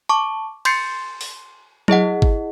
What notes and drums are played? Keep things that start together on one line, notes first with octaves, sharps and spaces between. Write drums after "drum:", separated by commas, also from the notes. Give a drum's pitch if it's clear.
A5 C#6 D6
C6 G6 A6 C7 C#7, drum: cymbal
drum: open hi-hat
E4 G#4 D#5 F#5, drum: tom F#3
drum: kick G#1